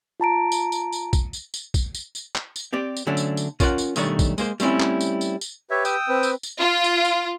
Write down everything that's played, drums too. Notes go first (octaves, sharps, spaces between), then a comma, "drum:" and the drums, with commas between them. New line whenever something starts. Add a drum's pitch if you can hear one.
F4 A5 A#5 D7
drum: tambourine
drum: tambourine
drum: tambourine
drum: kick, tambourine
drum: tambourine
drum: tambourine
drum: kick, tambourine
drum: tambourine
drum: tambourine
drum: clap
drum: tambourine
C4 G4 D5
drum: tambourine
D3 F#3 A3 C#4 D4
drum: tambourine
drum: tambourine
C#4 F4 A#4 C#5 D#5 F#5, drum: kick, tambourine
drum: tambourine
B1 D#3 G3 A3 D4 C#5, drum: tambourine
drum: kick, tambourine
G#3 A#3 C5, drum: tambourine
G3 A3 C4 C#4 E4, drum: tambourine
drum: clap
drum: tambourine
drum: tambourine
drum: tambourine
G4 B4 C#5 E5
G5 D#6 E6, drum: tambourine
C4 B4
drum: tambourine
drum: tambourine
F4
drum: tambourine
drum: tambourine